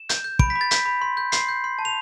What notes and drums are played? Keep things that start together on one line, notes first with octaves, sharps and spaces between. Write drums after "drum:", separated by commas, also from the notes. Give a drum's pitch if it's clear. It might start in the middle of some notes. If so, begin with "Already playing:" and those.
Already playing: E7
G6, drum: hi-hat
G6
B5 D7, drum: kick
B6
B5
A6
G6 B6, drum: hi-hat
B5
C6
G6
C6 C7, drum: hi-hat
G6
C6
A5
F7